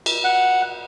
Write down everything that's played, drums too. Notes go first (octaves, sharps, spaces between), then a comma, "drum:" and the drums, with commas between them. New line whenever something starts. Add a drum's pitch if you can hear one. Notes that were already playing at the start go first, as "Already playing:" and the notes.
drum: cymbal
F#5